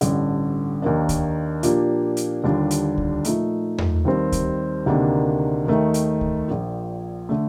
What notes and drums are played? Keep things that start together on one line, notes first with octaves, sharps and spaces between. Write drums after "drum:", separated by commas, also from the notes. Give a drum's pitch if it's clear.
A1 G2 D3, drum: hi-hat
D#2 D#3 A#3 D4
drum: kick C#2, hi-hat
A#2 F3 A#3 D4 G4, drum: hi-hat
drum: hi-hat
D#2 D3 G3 D4 F4
drum: hi-hat
drum: kick C#2
A#2 F3 A3 D#4, drum: hi-hat
drum: tom E2
D#2 D#3 G3 C4
drum: kick C#2, hi-hat
D2 C3 D#3 A#3 D4
D#2 D#3 A3 D#4
drum: hi-hat
drum: kick C#2
A#1 A#2 F3
D3 A3